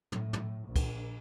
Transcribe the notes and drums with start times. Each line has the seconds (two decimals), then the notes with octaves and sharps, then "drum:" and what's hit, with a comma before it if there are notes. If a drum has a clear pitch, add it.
0.12 A2, drum: tom
0.33 drum: tom
0.65 A#1
0.76 drum: kick, cymbal